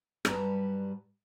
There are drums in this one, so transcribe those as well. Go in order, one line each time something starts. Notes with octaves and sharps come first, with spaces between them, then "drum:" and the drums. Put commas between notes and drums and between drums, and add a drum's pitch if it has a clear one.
G2 F#3 G3 B4 A5 A#5, drum: rim click